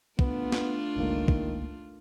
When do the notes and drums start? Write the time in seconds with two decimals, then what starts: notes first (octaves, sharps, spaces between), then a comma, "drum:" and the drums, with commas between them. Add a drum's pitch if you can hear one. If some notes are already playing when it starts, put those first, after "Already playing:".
0.19 A3 B3 D4 F4, drum: kick
0.52 drum: snare
0.96 G1 C#2 D#3 A#3
1.28 drum: kick